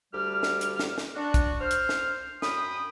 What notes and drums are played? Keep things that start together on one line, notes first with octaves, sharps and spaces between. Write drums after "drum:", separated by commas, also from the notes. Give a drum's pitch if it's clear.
D2 G3 G4 F6
drum: snare
drum: hi-hat
drum: snare
drum: snare
D4 F#4
drum: kick, hi-hat
C5 F6
drum: hi-hat
drum: snare
F#2 G5 B5 D#6, drum: snare